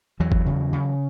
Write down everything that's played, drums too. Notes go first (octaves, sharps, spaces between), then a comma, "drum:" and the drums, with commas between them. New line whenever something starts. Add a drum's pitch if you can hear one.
E2 E3 F#3
drum: kick F#1
C#3
C#3